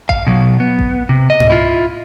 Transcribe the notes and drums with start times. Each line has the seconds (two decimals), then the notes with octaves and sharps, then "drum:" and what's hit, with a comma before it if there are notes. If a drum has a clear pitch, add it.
0.09 F5, drum: kick A1
0.27 B2 F#3
0.60 B3
0.79 drum: kick A1
1.09 C3
1.30 D#5
1.40 drum: tom G#2
1.50 E4 F4